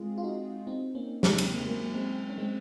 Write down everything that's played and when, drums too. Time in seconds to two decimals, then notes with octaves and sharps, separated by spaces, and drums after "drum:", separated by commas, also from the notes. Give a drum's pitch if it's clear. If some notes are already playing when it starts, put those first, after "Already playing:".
Already playing: G#3 C4 F4 G#4
0.18 F4
0.23 D#4 F#4
0.67 C4 D#4
0.95 A#3 C#4
1.23 G#3 C4, drum: snare
1.38 drum: cymbal
1.52 A#3
1.59 G#3
1.67 F#3 A#3
1.95 G#3 C4
2.30 C#4
2.38 G#3 C4